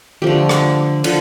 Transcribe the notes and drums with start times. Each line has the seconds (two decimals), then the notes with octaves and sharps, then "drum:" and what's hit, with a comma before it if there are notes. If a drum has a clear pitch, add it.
0.22 D3 F3 A3 G4
0.49 drum: rim click
1.04 D3 F3, drum: cymbal